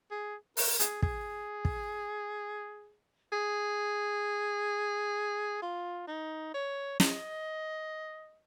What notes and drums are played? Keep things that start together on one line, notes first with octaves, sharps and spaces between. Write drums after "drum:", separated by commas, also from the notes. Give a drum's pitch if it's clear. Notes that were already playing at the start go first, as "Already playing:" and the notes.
G#4
A#4, drum: open hi-hat
G#4, drum: hi-hat
G#4, drum: kick
drum: kick
G#4
F4
D#4
C#5
D#5, drum: snare